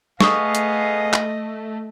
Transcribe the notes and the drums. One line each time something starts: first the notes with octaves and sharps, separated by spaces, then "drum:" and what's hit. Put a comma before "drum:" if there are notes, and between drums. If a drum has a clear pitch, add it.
A3 B3 G#4 D#5 F5 C#6 D#6, drum: snare
drum: hi-hat
drum: clap